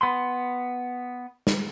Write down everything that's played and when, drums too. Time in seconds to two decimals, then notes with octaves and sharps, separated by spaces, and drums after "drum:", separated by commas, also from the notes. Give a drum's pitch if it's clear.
0.01 B3 B5 C6
1.47 drum: snare